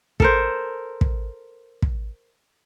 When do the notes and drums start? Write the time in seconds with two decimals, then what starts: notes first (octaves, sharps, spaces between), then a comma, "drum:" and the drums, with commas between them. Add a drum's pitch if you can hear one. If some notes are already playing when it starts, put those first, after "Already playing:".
0.20 A4 A#4 C5, drum: kick
1.01 drum: kick
1.82 drum: kick